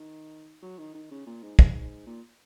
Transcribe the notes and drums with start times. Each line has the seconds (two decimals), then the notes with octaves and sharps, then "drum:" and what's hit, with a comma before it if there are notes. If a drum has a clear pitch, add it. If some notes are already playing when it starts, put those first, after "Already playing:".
Already playing: D#3
0.62 F#3
0.78 D#3
0.94 D#3
1.11 C#3
1.26 A#2
1.43 G#2
1.59 G#2, drum: kick
2.06 A#2